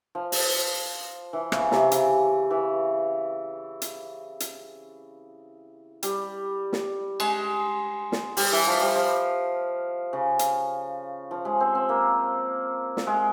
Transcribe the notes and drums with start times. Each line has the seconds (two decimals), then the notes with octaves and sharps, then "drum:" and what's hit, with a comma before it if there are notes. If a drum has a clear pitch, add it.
0.15 F3
0.32 drum: open hi-hat
1.33 E3
1.52 C#3, drum: rim click
1.71 C3, drum: snare
1.92 C#3, drum: hi-hat
2.50 E3
3.82 drum: hi-hat
4.40 drum: hi-hat
6.03 G3, drum: hi-hat
6.73 drum: snare
7.20 G#3, drum: cymbal
8.12 drum: snare
8.37 G3, drum: open hi-hat
8.52 E3
8.67 F3
8.81 G3
8.95 F3
10.13 C#3
10.39 drum: hi-hat
11.31 F3
11.45 G#3
11.60 C4
11.75 C4
11.89 A#3
12.97 drum: snare
13.07 G#3